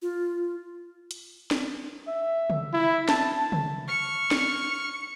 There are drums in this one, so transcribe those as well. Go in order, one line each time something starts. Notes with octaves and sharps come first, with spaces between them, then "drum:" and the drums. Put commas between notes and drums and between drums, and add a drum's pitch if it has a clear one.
F4
drum: hi-hat
drum: snare
E5
drum: tom
E4
A5, drum: snare
drum: tom
C#6 F6 C#7
drum: snare